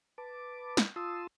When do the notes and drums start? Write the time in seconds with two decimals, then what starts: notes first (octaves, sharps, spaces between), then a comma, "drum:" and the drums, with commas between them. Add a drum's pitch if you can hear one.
0.18 B4 A5 D6
0.77 drum: snare
0.96 F4 A5 C6 D#6 E6